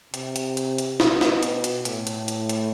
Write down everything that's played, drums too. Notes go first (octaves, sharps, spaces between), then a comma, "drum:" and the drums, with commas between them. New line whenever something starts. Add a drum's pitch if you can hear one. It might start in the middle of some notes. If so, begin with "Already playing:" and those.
C3, drum: hi-hat
drum: hi-hat
drum: hi-hat
drum: hi-hat
B2, drum: snare
drum: snare
drum: hi-hat
drum: hi-hat
A2, drum: hi-hat
drum: hi-hat
drum: hi-hat
drum: hi-hat